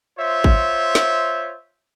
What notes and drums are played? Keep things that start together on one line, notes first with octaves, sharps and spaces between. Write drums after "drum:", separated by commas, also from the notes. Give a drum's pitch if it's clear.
F4 C5 C#5 E5
drum: kick
drum: snare